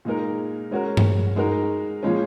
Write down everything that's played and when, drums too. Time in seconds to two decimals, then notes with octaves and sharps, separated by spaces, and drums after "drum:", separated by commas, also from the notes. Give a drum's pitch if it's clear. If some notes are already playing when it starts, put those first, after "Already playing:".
0.05 A#2 G#3 D#4 A#4
0.71 G#3 C#4 F#4 A#4
0.97 drum: tom G2
1.36 G#3 D#4 F#4 A#4
2.03 A#2 F3 G#3 C#4